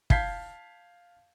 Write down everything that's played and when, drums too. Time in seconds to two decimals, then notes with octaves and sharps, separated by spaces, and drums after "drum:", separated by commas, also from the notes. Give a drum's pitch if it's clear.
0.10 F5 A5 G6 G#6 B6 C7, drum: kick